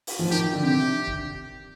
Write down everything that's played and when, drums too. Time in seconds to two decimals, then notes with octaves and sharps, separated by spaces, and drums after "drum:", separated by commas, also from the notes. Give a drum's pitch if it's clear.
0.07 drum: open hi-hat
0.19 F3
0.30 D#3 G4
0.53 D3
0.63 C3 G4
1.07 drum: kick